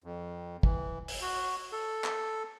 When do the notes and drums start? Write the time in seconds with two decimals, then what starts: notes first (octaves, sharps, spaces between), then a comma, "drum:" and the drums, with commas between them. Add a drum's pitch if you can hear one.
0.04 F2
0.63 E3, drum: kick
1.08 drum: open hi-hat
1.22 F#4
1.72 A4
2.04 drum: clap